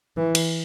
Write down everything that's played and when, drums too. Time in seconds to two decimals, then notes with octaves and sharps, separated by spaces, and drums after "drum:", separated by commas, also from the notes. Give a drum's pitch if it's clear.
0.17 E3
0.35 drum: cymbal